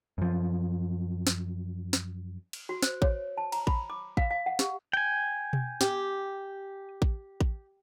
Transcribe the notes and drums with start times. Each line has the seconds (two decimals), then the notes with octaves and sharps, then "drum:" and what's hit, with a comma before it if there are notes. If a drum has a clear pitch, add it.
0.18 F#2 F3
1.27 drum: snare
1.93 drum: snare
2.53 drum: cymbal
2.69 F#4
2.82 C5, drum: snare
3.02 C#5, drum: kick A1
3.37 A5
3.52 A#5, drum: cymbal
3.67 B5, drum: kick A1
3.90 D6
4.17 F5, drum: kick A1
4.31 F5
4.46 F#5
4.59 G4, drum: snare
4.93 G5 G#5
5.53 drum: tom B2
5.81 G4, drum: snare
7.02 drum: kick A1
7.41 drum: kick A1